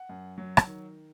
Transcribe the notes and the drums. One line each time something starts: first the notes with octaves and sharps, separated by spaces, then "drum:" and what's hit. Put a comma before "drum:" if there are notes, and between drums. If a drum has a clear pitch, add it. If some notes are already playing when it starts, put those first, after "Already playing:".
Already playing: F#5
F#2
F#3
drum: rim click
D#3